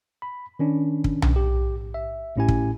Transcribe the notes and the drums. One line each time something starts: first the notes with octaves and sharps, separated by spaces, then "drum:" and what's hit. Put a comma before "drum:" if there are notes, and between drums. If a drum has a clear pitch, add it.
B5
D#3 C#4 D4
drum: kick
drum: tom B1
G4
E5
A1 A2 C#4 E4 G4 G#5
drum: kick